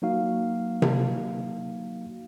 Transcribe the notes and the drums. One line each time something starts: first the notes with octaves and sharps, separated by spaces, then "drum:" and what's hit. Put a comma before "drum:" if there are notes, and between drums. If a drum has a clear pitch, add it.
F#3 A#3 D#4 F#4 F5
drum: tom C3